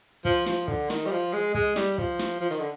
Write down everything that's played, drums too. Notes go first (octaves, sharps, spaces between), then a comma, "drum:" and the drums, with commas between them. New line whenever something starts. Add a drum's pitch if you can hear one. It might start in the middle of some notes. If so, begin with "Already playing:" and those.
F3, drum: kick
F3, drum: snare
D3, drum: kick
D#3, drum: snare
G3
F3
G#3
G#3, drum: kick
G3, drum: snare
F3, drum: kick
drum: snare
F3
D#3
D3